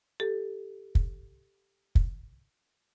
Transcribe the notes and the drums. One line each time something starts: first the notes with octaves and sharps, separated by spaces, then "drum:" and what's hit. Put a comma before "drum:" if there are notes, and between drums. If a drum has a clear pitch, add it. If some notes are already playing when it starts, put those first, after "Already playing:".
G4 A4
drum: kick
drum: kick